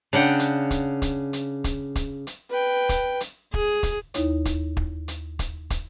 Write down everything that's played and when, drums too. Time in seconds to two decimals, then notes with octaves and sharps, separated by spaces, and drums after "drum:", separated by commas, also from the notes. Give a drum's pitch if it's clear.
0.13 C#3 D4 F#5 G5
0.39 drum: hi-hat
0.71 drum: kick, hi-hat
1.02 drum: kick, hi-hat
1.33 drum: hi-hat
1.64 drum: kick, hi-hat
1.96 drum: kick, hi-hat
2.27 drum: hi-hat
2.50 B4 G5
2.89 drum: kick, hi-hat
3.20 drum: hi-hat
3.54 G#4, drum: kick
3.83 drum: kick, hi-hat
4.14 D#2 D#4 E4 C#5, drum: hi-hat
4.45 drum: kick, hi-hat
4.77 drum: kick
5.08 drum: hi-hat
5.39 drum: kick, hi-hat
5.70 drum: kick, hi-hat